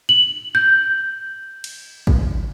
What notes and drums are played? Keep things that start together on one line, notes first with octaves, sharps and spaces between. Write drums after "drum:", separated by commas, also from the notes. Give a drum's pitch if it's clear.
F#7
G6
drum: cymbal
drum: kick